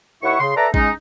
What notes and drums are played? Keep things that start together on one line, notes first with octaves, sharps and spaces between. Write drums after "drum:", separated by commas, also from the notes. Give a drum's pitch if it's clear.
D#2 E4 E5 F#5 C#6
C#3 C6
A4 B4 D5 E5 A#5
G#3 C#4 D#4, drum: kick